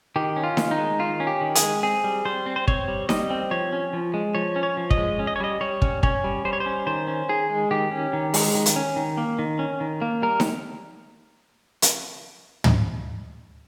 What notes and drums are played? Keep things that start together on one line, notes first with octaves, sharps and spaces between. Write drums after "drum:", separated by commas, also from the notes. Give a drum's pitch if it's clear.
D#3 G4
C#4
F4
D#3, drum: snare D#4
D#4
G#3
D#3 F4
C#4
G4
D#3
G#4, drum: hi-hat
G#3
C4 G#4
G3
G3 C5
C4
C5
C4 C#5, drum: kick
G3
G3 D#5, drum: snare D#4
C4
F3 C#5
C#4
F3
G#3
F3 C#5
C#4
C#5
F3
D#5, drum: kick
G#3
C#4
D#5
C#5
G3 D#5
G3 C#5
C#4, drum: kick
C#4 C#5, drum: kick
G3
G3 C5
C#5
C5
C#4
D#3 C5
C#4
D#3 G#4
G#3
D#3 G4
C#4
D#3
G#3, drum: open hi-hat
D#3
drum: hi-hat
C#4
D#3
A#3
D#3
C#4
D#3
A#3
G3 A#4
drum: snare D#4
drum: hi-hat
drum: tom